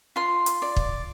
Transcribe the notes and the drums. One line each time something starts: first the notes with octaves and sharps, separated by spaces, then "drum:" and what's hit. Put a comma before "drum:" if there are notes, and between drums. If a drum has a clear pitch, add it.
F4 C6
drum: hi-hat
D5
drum: kick